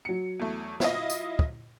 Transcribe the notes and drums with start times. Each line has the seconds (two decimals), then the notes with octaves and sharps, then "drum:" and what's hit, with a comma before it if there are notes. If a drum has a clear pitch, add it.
0.05 F#3 C#7
0.40 E2 A3
0.80 E4 F4 D#5, drum: snare
1.10 drum: tambourine
1.39 drum: kick